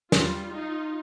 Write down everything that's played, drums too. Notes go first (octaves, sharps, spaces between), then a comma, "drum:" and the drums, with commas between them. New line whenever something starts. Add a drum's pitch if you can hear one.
G3 F4, drum: snare
D#4 F4